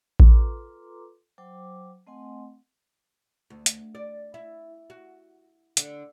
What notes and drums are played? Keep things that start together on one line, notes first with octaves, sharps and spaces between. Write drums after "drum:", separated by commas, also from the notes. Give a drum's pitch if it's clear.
F4 A4 B4 A#5 C6 D6, drum: kick A1
F#3 C5 G5 D6
A3 C4 D#5 F#5 G#5 C6
D2
drum: hi-hat
D5
E4
F#4
D3, drum: hi-hat